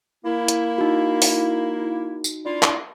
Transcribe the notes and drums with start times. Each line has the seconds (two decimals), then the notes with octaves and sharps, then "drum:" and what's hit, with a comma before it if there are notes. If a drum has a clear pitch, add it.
0.25 A#3 E4
0.48 drum: hi-hat
0.78 D#4 F#4
1.22 drum: open hi-hat
2.24 drum: tambourine
2.45 D4 E4 F4
2.63 drum: clap